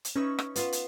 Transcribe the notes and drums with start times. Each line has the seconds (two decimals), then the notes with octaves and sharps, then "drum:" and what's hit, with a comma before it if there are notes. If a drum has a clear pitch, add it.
0.05 drum: hi-hat
0.16 C#4 D#4 B4 E5 C#6
0.39 drum: rim click
0.56 B3 F4 B4, drum: hi-hat
0.72 drum: hi-hat